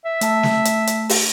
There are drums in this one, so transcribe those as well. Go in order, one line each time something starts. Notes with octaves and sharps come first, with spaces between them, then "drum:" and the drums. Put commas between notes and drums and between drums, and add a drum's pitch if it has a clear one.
E5
A3 A5 E6, drum: hi-hat
drum: snare
drum: hi-hat
drum: hi-hat
drum: open hi-hat